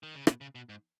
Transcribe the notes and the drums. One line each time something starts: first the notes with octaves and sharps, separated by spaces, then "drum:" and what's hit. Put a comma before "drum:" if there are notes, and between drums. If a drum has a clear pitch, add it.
D#3
C#3
B2, drum: rim click
C#3
B2
G#2